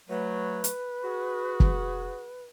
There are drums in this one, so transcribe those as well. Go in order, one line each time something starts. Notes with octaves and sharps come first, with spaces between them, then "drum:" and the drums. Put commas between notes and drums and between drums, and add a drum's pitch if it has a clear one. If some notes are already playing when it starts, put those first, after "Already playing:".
F#3 A3 B4
drum: hi-hat
F#4 G#4
drum: kick